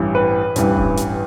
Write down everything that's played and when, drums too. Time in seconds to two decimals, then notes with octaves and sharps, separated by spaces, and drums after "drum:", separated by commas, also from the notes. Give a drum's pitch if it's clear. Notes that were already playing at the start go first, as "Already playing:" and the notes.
Already playing: A1 G2 E3
0.15 B4
0.56 A1 G2 E3, drum: hi-hat
0.77 drum: kick D#1
0.97 drum: hi-hat